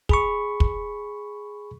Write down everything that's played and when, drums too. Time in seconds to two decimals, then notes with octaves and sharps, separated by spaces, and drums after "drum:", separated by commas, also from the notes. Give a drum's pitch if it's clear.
0.09 G#4 B5 C#6, drum: kick
0.60 drum: kick